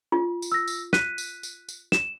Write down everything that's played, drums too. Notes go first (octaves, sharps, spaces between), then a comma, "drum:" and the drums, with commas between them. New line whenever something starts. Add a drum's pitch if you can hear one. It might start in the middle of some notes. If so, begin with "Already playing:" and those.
F4
drum: tambourine
E6 A#6
drum: tambourine
F#6 B6 D#7, drum: snare
drum: tambourine
drum: tambourine
drum: tambourine
E7, drum: snare